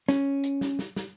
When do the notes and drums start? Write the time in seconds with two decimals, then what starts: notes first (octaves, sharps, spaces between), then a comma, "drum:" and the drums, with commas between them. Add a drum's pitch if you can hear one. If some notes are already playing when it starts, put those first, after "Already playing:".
0.09 C#4, drum: snare
0.44 drum: hi-hat
0.61 drum: snare
0.79 drum: snare
0.96 drum: snare